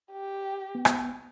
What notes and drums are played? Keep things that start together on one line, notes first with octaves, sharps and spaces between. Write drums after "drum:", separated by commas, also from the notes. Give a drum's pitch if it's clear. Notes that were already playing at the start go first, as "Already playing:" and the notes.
G4
B3
drum: rim click